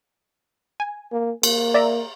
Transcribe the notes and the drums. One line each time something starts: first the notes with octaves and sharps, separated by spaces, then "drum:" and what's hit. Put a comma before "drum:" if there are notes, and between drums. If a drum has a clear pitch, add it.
G#5
A#3
A#3, drum: cymbal
D5 E5 A#5